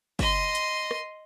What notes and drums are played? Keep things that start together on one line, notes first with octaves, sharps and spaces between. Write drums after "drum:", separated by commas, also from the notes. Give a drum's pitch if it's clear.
D#5 C6, drum: kick, open hi-hat
drum: hi-hat
drum: rim click